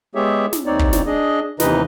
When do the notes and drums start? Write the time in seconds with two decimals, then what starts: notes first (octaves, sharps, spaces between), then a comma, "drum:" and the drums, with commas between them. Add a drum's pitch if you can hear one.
0.15 G#3 B3 G4 G#4 C#5 E5
0.53 drum: snare
0.66 D#2 C4 D#4 C#5 D5
0.79 drum: kick
0.93 drum: snare
1.06 D4 G#4 D#5
1.60 D#2 C3 E3 D#4 B4 D#5, drum: snare